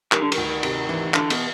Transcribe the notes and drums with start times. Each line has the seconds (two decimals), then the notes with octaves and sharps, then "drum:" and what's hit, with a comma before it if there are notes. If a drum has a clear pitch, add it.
0.12 D#3 G3, drum: clap
0.22 D3
0.32 D#3, drum: cymbal
0.38 D2
0.63 C3, drum: cymbal
0.89 E3
1.14 D3 F4, drum: clap
1.30 B2, drum: cymbal